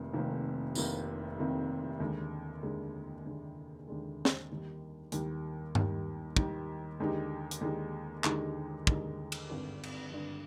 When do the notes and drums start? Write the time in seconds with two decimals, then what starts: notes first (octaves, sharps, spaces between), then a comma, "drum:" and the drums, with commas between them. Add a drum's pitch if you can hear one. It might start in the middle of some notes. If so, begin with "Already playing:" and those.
Already playing: F1 F2 C3 D#3 A#3
0.13 F1 F2 C3 D#3 A#3
0.75 F1 F2 C3 D#3 A#3, drum: tambourine
1.39 F1 F2 C3 D#3 A#3
2.00 D#2 D3 G#3
2.63 D#2 D3 G#3
3.26 D#2 D3 G#3
3.87 D#2 D3 G#3
4.25 drum: snare
4.50 D#2 D#3 G3
5.12 D#2 D#3 G3, drum: hi-hat
5.75 D#2 D#3 G3, drum: tom G2
6.37 D#2 D#3 G3, drum: kick
7.00 D#2 D3 G#3 D#4 G4
7.51 drum: hi-hat
7.61 D#2 D3 G#3 D#4 G4
8.24 D#2 D3 G#3 D#4 G4, drum: clap
8.87 D#2 D3 G#3 D#4 G4, drum: kick
9.32 drum: cymbal
9.49 G#1 G2 D3
9.83 drum: cymbal
10.11 G#1 G2 D3